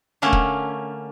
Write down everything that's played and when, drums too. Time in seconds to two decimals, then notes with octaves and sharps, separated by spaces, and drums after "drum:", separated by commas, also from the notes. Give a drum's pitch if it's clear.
0.22 D3 A3 A#3 C#4
0.33 drum: kick